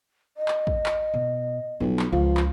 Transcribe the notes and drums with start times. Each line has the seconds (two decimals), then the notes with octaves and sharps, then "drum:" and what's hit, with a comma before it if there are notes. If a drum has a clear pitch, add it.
0.37 D#5
0.48 drum: clap
0.67 drum: kick
0.86 drum: clap
1.14 B2
1.80 B1 G3 F4
1.99 drum: clap
2.12 C#2 F3 F5
2.37 drum: clap